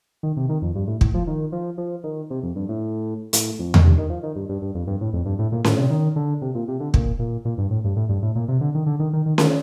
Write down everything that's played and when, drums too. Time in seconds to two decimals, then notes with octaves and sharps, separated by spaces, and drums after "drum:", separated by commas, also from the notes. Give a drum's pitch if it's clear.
0.23 D#3
0.37 C3
0.49 D#3
0.62 F2
0.75 G2
0.88 A2
1.01 A2, drum: kick
1.14 F3
1.27 D#3
1.52 F3
1.78 F3
2.04 D#3
2.30 C3
2.43 F2
2.56 G2
2.69 A2
3.33 A2, drum: hi-hat
3.59 F2
3.74 drum: tom E2
3.84 G2
3.98 D#3
4.10 F3
4.23 D#3
4.36 G2
4.49 G2
4.62 G2
4.75 F2
4.87 G2
5.01 A2
5.13 F2
5.26 G2
5.39 A2
5.52 A#2
5.64 A2, drum: snare C#4
5.78 C3
5.90 D#3
6.16 D3
6.42 C3
6.55 A#2
6.68 C3
6.80 D3
6.94 A#2, drum: kick
7.19 A#2
7.45 A#2
7.58 G2
7.71 A2
7.84 G2
7.96 A2
8.09 G2
8.22 A2
8.35 A#2
8.48 C3
8.61 D3
8.75 D#3
8.86 D3
9.00 D#3
9.13 D#3
9.26 D#3
9.38 D#3, drum: snare C#4